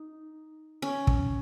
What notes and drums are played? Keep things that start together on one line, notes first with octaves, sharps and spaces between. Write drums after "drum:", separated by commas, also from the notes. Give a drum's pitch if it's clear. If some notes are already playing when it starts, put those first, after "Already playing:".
Already playing: D#4
C#4
drum: kick